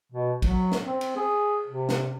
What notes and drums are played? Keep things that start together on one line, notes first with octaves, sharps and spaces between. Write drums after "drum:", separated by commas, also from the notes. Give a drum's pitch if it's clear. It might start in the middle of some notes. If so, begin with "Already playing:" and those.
B2
F#3, drum: kick, cymbal
drum: snare
C4
drum: cymbal
G#4
C3
drum: snare